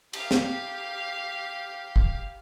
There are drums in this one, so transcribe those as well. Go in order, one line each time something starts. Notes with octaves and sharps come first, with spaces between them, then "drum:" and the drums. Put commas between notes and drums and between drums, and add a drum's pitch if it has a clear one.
G4 F5, drum: cymbal
drum: snare
drum: kick